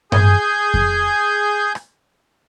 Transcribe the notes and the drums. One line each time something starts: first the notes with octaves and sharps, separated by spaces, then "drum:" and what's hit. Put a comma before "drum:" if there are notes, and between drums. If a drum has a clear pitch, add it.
G#4 G#5 G6, drum: tom G2
drum: kick F2
drum: rim click